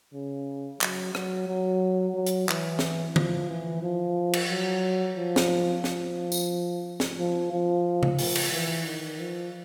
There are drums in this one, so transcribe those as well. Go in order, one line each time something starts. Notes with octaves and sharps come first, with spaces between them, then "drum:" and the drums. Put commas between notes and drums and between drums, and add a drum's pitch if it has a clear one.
C#3
F#3, drum: clap
F#3, drum: rim click
F#3
F#3
drum: hi-hat
E3, drum: clap
drum: snare
F3, drum: tom
E3
F3
drum: cymbal
F#3
F3
drum: snare
F3, drum: snare
drum: tambourine
drum: snare
F3
F3
drum: tom C#3
F3, drum: open hi-hat
drum: cymbal
E3
D#3
F3